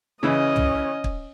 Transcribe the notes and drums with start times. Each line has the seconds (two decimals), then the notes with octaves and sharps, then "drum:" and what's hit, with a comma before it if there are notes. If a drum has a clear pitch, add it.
0.23 C#3 E3 C#4 E4 D#5
0.56 drum: tom
1.04 drum: kick